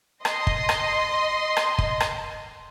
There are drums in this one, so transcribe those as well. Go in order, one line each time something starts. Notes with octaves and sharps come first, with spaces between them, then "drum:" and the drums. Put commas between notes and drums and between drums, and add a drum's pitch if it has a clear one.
D#5 C6, drum: rim click
drum: kick
drum: rim click
drum: rim click
drum: kick
drum: rim click